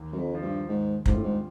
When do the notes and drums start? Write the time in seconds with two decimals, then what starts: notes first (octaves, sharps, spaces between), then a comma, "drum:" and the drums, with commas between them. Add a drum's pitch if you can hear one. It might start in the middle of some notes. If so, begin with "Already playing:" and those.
Already playing: D#2
0.13 F#2
0.18 F2
0.30 D3 F3
0.43 G2
0.68 D#2 G#2
1.06 G#2 D3 G3 C4 F4, drum: kick
1.14 A2
1.23 G#2